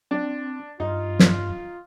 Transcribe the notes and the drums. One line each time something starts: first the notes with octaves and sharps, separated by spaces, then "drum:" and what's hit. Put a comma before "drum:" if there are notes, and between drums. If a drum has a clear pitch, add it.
C4 D4
G2 D#4 F4
drum: snare